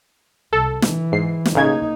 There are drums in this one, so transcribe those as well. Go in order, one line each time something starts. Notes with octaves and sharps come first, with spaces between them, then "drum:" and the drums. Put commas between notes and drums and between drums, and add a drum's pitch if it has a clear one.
C2 A4
E3, drum: snare
G#2 C7
drum: snare
A1 C#3 A#3 D#4 G#6